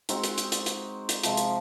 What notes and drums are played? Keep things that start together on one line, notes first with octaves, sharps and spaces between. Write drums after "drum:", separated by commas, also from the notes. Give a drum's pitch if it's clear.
G#3 C4 D#4 F#4, drum: hi-hat
drum: hi-hat
drum: hi-hat
drum: hi-hat
drum: hi-hat
drum: hi-hat
C3 F3 G#3, drum: hi-hat
drum: hi-hat